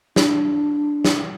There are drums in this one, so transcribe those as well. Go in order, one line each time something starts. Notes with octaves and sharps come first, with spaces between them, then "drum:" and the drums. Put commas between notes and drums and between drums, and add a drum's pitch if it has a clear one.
D4, drum: snare
drum: snare